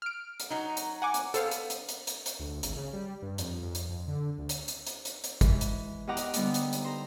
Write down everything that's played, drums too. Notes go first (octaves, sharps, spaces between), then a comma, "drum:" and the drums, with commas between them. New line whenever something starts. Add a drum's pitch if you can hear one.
F6 D7
drum: hi-hat
F#3 D#4
drum: hi-hat
F#5 G#5 D6
drum: hi-hat
B3 A4 C5 F5, drum: hi-hat
drum: hi-hat
drum: hi-hat
drum: hi-hat
drum: hi-hat
drum: hi-hat
D2
G#1, drum: hi-hat
C#3
G3
G2
F2, drum: hi-hat
F2
drum: hi-hat
F2
D3
D2
drum: hi-hat
drum: hi-hat
drum: hi-hat
drum: hi-hat
drum: hi-hat
E3 G#3, drum: kick G#1, hi-hat
drum: hi-hat
E2 G4 D#5 F#5 A#5 D6
drum: hi-hat
D3 G3 B3 D#4 A#5 D#6, drum: hi-hat
drum: hi-hat
drum: hi-hat
C5 A#5